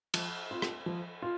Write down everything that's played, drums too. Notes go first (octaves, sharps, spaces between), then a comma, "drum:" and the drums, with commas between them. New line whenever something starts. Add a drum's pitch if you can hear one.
F3, drum: cymbal
C4 F4
drum: rim click
F3
F4